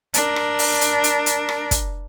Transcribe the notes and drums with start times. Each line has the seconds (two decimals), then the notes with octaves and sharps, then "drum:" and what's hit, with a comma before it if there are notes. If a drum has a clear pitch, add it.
0.14 D4 A#4, drum: hi-hat
0.36 drum: rim click
0.59 drum: open hi-hat
0.81 drum: hi-hat
1.04 drum: hi-hat
1.26 drum: hi-hat
1.49 drum: rim click
1.71 drum: kick, hi-hat